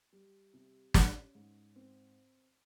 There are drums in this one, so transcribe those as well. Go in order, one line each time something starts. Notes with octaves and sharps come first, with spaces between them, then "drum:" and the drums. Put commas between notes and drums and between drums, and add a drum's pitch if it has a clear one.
G3
C3
C#4, drum: snare
G#2
C4